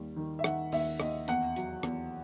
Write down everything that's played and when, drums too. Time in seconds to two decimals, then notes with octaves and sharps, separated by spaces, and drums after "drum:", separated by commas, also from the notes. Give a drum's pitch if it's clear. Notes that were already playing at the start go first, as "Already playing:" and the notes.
Already playing: D#2 G3
0.16 D#3
0.39 E5
0.44 D#3 F#5, drum: rim click
0.72 D#2 E5, drum: open hi-hat
1.00 D#2 D#5, drum: rim click
1.28 E2 F#5, drum: hi-hat
1.56 F#3, drum: hi-hat
1.83 E2, drum: rim click